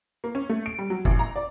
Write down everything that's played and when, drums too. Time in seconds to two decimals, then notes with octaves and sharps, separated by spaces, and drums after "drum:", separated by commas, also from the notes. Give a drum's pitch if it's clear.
0.24 A#3
0.35 C#4
0.49 A3
0.66 D7
0.79 G3
0.90 F#3
1.05 A1, drum: kick
1.19 A#5
1.36 D5